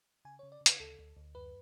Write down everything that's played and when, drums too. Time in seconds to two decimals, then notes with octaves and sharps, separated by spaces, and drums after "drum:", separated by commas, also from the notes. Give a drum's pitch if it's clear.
0.25 C#3 G#5
0.39 C#3 C#5
0.52 D5
0.61 C#3
0.66 B4, drum: hi-hat
0.80 D2 A4
0.99 D2
1.17 D2
1.35 F#2 B4